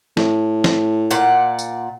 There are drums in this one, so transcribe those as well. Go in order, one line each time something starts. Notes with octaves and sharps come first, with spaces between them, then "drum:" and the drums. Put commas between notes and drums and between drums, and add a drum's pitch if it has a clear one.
A2, drum: snare
drum: snare
A#2 D5 F#5, drum: tambourine
drum: tambourine